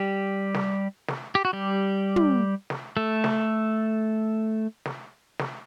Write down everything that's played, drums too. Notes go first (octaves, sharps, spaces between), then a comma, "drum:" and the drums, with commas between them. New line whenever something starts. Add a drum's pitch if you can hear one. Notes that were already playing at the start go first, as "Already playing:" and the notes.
Already playing: G3 G4
drum: snare
drum: snare
G4
F#4
G3 G4
drum: tom
drum: snare
A3 A4
drum: snare
drum: snare
drum: snare